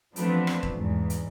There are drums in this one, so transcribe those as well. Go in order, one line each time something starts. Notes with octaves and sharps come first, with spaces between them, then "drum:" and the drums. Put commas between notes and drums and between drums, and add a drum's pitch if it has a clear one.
E3 F3 A3 B3 C4 D4, drum: hi-hat
drum: rim click
drum: kick D#1
E2 G#2
drum: hi-hat